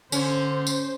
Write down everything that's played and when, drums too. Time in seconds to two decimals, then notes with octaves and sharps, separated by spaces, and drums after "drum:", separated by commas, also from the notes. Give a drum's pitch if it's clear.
0.12 D3 C#4 C5, drum: tambourine
0.67 drum: tambourine